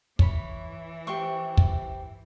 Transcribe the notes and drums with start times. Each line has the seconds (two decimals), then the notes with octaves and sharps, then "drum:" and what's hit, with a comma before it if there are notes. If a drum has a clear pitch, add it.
0.19 E3 C#5 B5, drum: kick
1.07 G4 C5 C#6
1.57 drum: kick